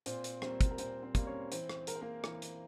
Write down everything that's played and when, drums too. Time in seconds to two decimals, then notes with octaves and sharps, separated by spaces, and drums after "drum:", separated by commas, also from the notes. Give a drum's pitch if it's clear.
0.06 A#2 C4 C5, drum: hi-hat
0.24 drum: hi-hat
0.42 G3 A#3 C4 C5, drum: rim click
0.61 drum: kick, hi-hat
0.71 A#4
0.78 A#2 C4 C5, drum: hi-hat
1.03 C4 C5
1.15 G3 A#3, drum: kick, hi-hat
1.27 C#4 C#5
1.52 E3 C4 C5, drum: hi-hat
1.69 drum: rim click
1.87 G#3 A#4, drum: hi-hat
1.95 C5
2.01 A#3 A#4
2.24 E3, drum: rim click
2.42 drum: hi-hat